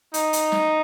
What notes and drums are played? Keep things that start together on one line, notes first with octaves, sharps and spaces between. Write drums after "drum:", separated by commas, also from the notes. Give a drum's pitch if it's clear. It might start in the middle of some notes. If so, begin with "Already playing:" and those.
D#4, drum: hi-hat
drum: hi-hat
drum: snare